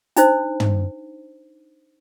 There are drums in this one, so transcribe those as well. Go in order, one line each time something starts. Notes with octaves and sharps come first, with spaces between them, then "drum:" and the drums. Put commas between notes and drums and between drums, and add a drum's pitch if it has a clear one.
D4 D#4 C5, drum: hi-hat
drum: tom